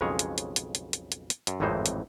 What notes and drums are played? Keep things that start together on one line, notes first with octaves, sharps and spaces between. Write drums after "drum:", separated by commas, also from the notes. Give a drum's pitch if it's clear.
B1 F2 C#3 G#3 G#4 C#5
drum: hi-hat
drum: hi-hat
drum: hi-hat
drum: hi-hat
drum: hi-hat
drum: hi-hat
drum: hi-hat
F#2, drum: hi-hat
G#1 F2 A2 E3 D#4 C5
drum: hi-hat